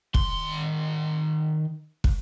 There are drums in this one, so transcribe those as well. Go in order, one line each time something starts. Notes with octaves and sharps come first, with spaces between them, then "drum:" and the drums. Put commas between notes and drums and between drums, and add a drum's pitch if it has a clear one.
D#3 C6, drum: kick
drum: kick